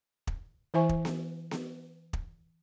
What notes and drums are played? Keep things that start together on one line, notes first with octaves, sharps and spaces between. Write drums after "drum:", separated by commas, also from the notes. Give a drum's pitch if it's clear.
drum: kick
E3 E4 C5 E5 G#5 C#6
drum: kick
drum: snare B3
drum: snare B3
drum: kick